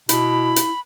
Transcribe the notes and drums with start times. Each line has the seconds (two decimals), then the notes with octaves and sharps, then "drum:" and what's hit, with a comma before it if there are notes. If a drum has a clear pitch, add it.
0.09 B2 E4 B5, drum: hi-hat
0.56 drum: hi-hat